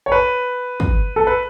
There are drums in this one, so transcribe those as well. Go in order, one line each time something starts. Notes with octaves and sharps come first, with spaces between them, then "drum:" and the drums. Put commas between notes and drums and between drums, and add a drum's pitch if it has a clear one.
C#5
B4
drum: kick
A4
B4